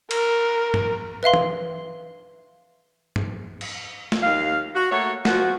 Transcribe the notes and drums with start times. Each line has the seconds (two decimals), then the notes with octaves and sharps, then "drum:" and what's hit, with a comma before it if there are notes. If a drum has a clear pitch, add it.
0.11 A#4, drum: cymbal
0.74 drum: tom G2
1.23 B4 E5 F5 C6
1.34 drum: tom E3
3.16 drum: tom G2
3.61 drum: cymbal
4.12 drum: snare
4.22 D#2 F5
4.75 F#4
4.91 A3 A#3 F#4 C#5
5.25 F3 F#4, drum: snare